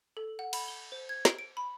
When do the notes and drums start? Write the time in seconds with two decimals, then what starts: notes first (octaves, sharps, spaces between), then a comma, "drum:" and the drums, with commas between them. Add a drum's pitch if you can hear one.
0.17 A4
0.39 F#5
0.53 B5, drum: cymbal
0.68 G7
0.92 C5
1.09 G#6
1.25 D7, drum: snare
1.39 D7
1.57 B5